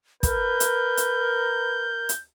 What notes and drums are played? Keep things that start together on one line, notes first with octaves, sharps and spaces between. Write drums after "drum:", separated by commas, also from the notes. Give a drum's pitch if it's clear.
A#4 B4 G6, drum: kick, hi-hat
drum: hi-hat
drum: hi-hat
drum: hi-hat